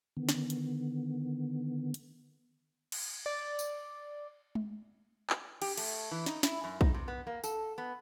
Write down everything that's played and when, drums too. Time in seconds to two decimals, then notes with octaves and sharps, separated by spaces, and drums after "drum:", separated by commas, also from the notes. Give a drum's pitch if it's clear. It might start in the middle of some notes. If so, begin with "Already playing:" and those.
0.17 D3 D#3 B3
0.29 drum: snare
0.50 drum: hi-hat
1.94 drum: hi-hat
2.92 drum: cymbal
3.26 D5
3.59 drum: tambourine
4.55 drum: tom G#3
5.30 drum: clap
5.62 G4, drum: cymbal
5.78 A3, drum: cymbal
6.11 E3
6.26 D#4, drum: snare
6.43 E4, drum: snare
6.64 F#2
6.81 D#4, drum: kick B1
6.94 C3
7.08 B3
7.27 A#3
7.44 A4, drum: tambourine
7.78 B3